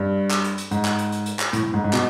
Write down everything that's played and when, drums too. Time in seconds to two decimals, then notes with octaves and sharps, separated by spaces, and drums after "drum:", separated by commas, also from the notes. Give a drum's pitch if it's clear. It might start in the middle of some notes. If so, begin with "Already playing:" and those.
Already playing: G2
0.31 drum: clap
0.44 drum: hi-hat
0.58 drum: hi-hat
0.71 G#2, drum: hi-hat
0.85 drum: clap
0.99 drum: hi-hat
1.12 drum: hi-hat
1.26 drum: hi-hat
1.39 drum: clap
1.53 A2, drum: hi-hat
1.63 A2
1.74 G#2
1.84 G#2
1.93 B2, drum: clap